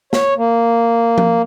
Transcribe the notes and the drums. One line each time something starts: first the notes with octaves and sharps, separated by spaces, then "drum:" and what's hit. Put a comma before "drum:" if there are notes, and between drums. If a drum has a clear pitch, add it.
C#5, drum: snare
A#3
drum: tom F3